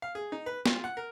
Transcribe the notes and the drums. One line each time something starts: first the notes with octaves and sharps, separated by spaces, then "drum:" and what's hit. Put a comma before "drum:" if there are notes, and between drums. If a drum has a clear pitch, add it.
F5
G#4
D#4
B4
F4, drum: snare
F#5
A#4